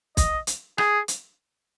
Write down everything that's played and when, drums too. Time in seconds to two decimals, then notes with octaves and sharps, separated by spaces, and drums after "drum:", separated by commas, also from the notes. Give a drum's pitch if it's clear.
0.17 D#5, drum: kick B1, hi-hat
0.47 drum: hi-hat
0.78 G#4, drum: rim click
1.08 drum: hi-hat